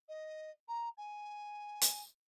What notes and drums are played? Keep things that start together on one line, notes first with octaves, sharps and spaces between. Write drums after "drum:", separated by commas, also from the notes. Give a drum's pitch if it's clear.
D#5
A#5
G#5
drum: hi-hat